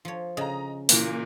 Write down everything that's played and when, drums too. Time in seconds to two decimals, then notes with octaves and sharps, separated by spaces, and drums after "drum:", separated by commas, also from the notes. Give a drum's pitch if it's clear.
0.05 F3 C#5
0.37 C#3 D#5 A#5
0.89 A#2 E3 A#3, drum: open hi-hat